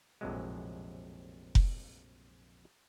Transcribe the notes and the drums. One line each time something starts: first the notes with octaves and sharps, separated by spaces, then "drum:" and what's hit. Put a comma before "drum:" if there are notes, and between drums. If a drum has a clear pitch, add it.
A#1 F2 A2 C3 F#3 G#3
drum: kick F1